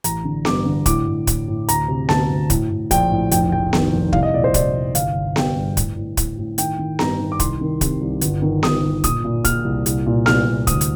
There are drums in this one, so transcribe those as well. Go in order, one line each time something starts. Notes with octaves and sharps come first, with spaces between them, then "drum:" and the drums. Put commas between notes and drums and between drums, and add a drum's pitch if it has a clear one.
A1 A#5, drum: hi-hat
D3
G2 D6, drum: snare B3
D3
A2 D6, drum: kick, hi-hat
A2
A2, drum: kick, hi-hat
A2
D2 A#5, drum: hi-hat
C3
D2 A5, drum: snare B3
D2
A2, drum: kick, hi-hat
A2
A#1 G5, drum: kick, hi-hat
A2
F1 G5, drum: hi-hat
F1 G5
D#3, drum: snare B3
F1
C2 F5, drum: kick
D#5
A#2 D5
C5
C2 D5, drum: kick, hi-hat
C2
G1 F5, drum: hi-hat
G1
G1 G5, drum: snare B3
G2
A2, drum: kick, hi-hat
A2
A2, drum: kick, hi-hat
A2
D#3 G5, drum: hi-hat
D#3
G2 A#5, drum: snare B3
D#3
D6
C2 C6, drum: kick, hi-hat
D#3
C3, drum: kick, hi-hat
C2
G1, drum: hi-hat
D#3
G1 D#6, drum: snare B3
D#3
A#2 D#6, drum: kick, hi-hat
A#2
A#2 F6, drum: kick, hi-hat
C2
C2, drum: hi-hat
A#2
C2 F6, drum: snare B3
C2
D2 D#6, drum: kick, hi-hat
drum: hi-hat